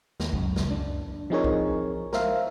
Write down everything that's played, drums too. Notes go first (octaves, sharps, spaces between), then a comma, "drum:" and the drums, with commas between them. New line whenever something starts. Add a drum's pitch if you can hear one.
D#2, drum: snare
C#2 F#2, drum: kick B1
drum: snare
D4
F3 C4 D#4 G#4 A#4 C#5
drum: kick B1
A#4 C5 E5 F5, drum: snare